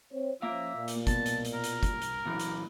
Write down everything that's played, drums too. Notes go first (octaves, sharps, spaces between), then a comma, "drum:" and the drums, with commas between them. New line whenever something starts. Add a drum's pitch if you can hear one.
C4 C5 C#5
F3 A#3 C#4 F4 E5 F5
A#2
drum: hi-hat
B2 A5, drum: kick, hi-hat
drum: hi-hat
drum: hi-hat
A#4
drum: hi-hat
drum: kick, hi-hat
drum: hi-hat
A#2 E3 F#3
drum: hi-hat